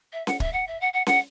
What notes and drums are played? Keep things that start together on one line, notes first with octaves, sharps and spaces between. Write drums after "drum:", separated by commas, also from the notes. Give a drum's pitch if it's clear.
E5
F#5, drum: snare C#4
E5, drum: kick
F#5
E5
F#5
F#5
F#5, drum: snare C#4